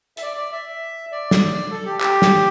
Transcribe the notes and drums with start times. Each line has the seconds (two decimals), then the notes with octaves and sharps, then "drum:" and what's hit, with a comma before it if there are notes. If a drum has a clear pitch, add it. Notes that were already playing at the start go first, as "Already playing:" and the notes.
0.17 E5, drum: hi-hat
0.22 D5
0.37 D5
0.52 E5
1.12 D5
1.31 drum: snare
1.71 A4
1.85 G4
2.00 G4, drum: clap
2.22 drum: snare